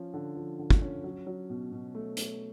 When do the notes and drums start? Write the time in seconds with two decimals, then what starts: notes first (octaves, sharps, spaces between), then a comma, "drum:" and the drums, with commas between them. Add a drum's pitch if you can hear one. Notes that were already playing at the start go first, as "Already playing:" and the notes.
Already playing: F3 C#4
0.14 D3
0.36 F3
0.59 D3
0.70 drum: kick
0.82 C#4
1.04 F#3
1.27 F#3
1.50 B2
1.72 B2
1.95 A3
2.17 A3, drum: hi-hat